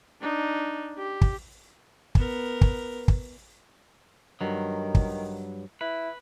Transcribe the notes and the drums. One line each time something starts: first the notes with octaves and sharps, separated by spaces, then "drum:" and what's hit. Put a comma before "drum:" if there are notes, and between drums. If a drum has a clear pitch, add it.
D4 D#4
G4
drum: kick
B3 A#4, drum: kick
drum: kick
drum: kick
G2 D#3 F#3
drum: kick
E4 B4